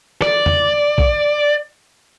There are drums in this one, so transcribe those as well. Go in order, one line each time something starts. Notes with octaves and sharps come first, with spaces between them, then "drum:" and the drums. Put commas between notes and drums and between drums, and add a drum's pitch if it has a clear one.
D5, drum: rim click
drum: tom E2
drum: kick